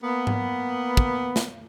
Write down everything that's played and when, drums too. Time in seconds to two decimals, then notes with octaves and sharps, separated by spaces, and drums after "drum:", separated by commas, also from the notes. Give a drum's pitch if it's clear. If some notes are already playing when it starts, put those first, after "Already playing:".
0.04 A#3 B3
0.27 drum: tom G#2
0.97 drum: kick
1.36 drum: snare